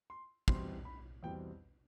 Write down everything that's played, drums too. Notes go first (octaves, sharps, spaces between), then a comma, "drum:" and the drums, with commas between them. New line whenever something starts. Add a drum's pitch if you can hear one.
C6
E2 B2 G3 C4 C6, drum: kick
B5
E2 B2 G3 C4 G5